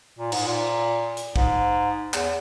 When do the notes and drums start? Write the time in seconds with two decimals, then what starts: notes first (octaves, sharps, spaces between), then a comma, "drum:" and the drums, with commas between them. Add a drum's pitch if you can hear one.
0.19 A#2
0.32 G#2, drum: cymbal
0.46 A#2
1.17 drum: hi-hat
1.36 G#2, drum: kick
2.14 E2, drum: clap